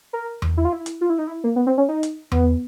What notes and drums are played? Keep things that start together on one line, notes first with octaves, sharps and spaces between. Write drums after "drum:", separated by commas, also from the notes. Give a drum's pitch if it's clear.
A#4
drum: tom E2
E4
F4
E4
drum: hi-hat
F4
E4
D#4
E4
A#3
B3
C4
C#4
D#4
drum: hi-hat
B3, drum: tom E2